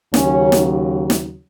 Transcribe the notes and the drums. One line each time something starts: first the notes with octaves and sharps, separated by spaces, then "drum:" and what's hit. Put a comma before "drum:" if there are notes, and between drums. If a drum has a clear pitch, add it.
D#2 C#3 F#3 C#4, drum: snare
drum: snare
drum: snare